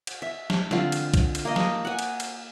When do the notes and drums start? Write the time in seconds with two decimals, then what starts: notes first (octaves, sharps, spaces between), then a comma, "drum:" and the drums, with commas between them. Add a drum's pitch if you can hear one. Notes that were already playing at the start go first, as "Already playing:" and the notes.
0.07 drum: cymbal
0.22 E5
0.50 drum: snare
0.71 D3 C4 F4, drum: snare
0.92 drum: cymbal
1.14 drum: kick B1, cymbal
1.35 drum: cymbal
1.45 A#3 D#5
1.56 drum: snare
1.85 F#5 G#5
1.99 drum: cymbal
2.20 drum: cymbal